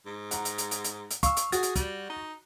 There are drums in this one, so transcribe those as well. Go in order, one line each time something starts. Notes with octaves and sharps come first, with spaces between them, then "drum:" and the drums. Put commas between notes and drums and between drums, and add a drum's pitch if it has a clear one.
G#2
F#5 A#5, drum: hi-hat
drum: hi-hat
drum: hi-hat
drum: hi-hat
drum: hi-hat
drum: hi-hat
F5 C#6 E6, drum: kick, hi-hat
drum: hi-hat
F#4 G#4 A6, drum: hi-hat
drum: hi-hat
G3, drum: kick, hi-hat
D#4